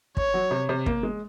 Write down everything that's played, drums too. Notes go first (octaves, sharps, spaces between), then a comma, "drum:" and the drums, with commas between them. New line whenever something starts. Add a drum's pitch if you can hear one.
C#5, drum: kick
F#3
C3
C3
A#3, drum: kick
G#3